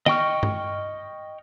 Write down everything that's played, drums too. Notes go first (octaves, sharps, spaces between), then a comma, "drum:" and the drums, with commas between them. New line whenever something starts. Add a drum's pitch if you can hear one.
D#5 G5 C#6 F6, drum: snare
drum: tom G2